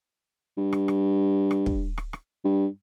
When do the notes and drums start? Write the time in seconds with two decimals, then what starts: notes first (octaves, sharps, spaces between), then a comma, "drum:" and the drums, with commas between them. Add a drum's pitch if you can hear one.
0.57 G2
0.73 drum: rim click
0.88 drum: rim click
1.51 drum: rim click
1.66 drum: kick
1.98 drum: rim click
2.13 drum: rim click
2.45 G2